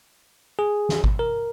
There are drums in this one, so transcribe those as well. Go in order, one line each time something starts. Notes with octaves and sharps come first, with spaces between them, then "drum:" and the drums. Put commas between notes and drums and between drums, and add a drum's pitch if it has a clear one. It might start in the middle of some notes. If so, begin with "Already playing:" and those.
G#4
drum: snare
drum: kick G#1
A#4